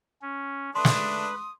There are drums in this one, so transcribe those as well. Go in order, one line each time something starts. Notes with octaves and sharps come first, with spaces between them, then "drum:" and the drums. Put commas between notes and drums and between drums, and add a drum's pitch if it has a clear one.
C#4
A3 D4 B4 C6 D#6
drum: snare